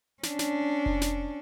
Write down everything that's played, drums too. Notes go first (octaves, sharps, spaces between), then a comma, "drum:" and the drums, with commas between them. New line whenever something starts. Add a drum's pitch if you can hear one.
C#4 D4, drum: snare
drum: snare
drum: kick F1
drum: snare